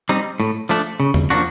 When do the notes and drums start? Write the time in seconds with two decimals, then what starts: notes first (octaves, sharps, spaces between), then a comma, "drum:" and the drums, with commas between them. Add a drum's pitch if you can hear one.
0.09 G3 C4 D#4
0.40 A2
0.69 F3 A3 D4, drum: tambourine
1.00 C#3
1.14 drum: tom E2
1.30 F3 A#3 D4 F#4